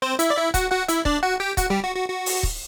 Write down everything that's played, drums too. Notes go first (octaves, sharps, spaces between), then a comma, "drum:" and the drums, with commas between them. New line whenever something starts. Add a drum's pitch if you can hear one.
C4 C5
E4 E5, drum: hi-hat
D5
E4 E5
F#4 F#5, drum: kick, hi-hat
F#4 F#5
E4 E5, drum: hi-hat
D4 D5, drum: kick
F#4 F#5
G4 G5
F#4 F#5, drum: kick, hi-hat
G3 G4
F#4
F#4
F#4
drum: open hi-hat
drum: kick